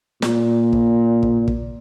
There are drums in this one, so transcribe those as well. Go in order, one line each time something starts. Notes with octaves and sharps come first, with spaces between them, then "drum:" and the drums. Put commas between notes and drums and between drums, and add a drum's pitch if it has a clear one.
A#2, drum: snare
drum: kick
drum: kick
drum: kick